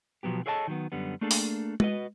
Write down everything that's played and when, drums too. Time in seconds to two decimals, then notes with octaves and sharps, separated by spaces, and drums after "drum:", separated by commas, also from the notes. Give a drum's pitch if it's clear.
0.23 B2 F3 F#3 B3 G4
0.46 G#4 A4 C#5 D#5 G5 A5
0.67 D#3 F#3 B3
0.92 F#2 D3 G3 B3
1.21 A3 A#3 D4 G#4 A4
1.31 drum: open hi-hat
1.80 F#4 B4 D#5, drum: tom G#3